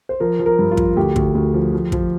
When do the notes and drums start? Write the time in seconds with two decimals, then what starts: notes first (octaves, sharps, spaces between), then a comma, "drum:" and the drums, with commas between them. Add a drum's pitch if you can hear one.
0.09 C5
0.20 F3 A#4
0.39 F3
0.46 A#4
0.59 G2
0.71 F4
0.77 F3, drum: kick
0.96 D2 G4
1.16 D2, drum: kick
1.35 D2
1.54 F3
1.73 F3
1.92 F3, drum: kick